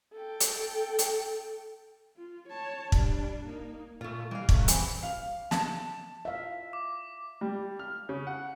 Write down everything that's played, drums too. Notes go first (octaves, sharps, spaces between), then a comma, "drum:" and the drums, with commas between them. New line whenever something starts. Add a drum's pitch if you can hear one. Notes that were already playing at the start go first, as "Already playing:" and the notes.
A4 G5
drum: hi-hat
drum: hi-hat
F4
C#5 A5
G3 D4, drum: kick
A#3 D#4
A#2 A3 F4
E3 G3 F5
F#3 A3 C#4, drum: kick
E3 C4, drum: hi-hat
F5
A5, drum: snare
E5 F5
D6
G3
F6
C#3
F#5